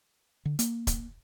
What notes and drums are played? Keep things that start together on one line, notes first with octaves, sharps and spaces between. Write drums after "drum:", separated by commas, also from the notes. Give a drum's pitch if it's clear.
D3
A#3, drum: hi-hat
drum: kick, hi-hat